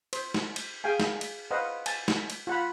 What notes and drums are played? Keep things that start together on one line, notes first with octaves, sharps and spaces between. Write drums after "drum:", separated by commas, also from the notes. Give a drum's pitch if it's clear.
C5, drum: cymbal
drum: snare
drum: cymbal
G#4 F5 G5 G#5
drum: snare
drum: cymbal
B4 C5 D#5 F5 F#5
G#5 A5, drum: cymbal
drum: snare
drum: cymbal
F4 F#5 B5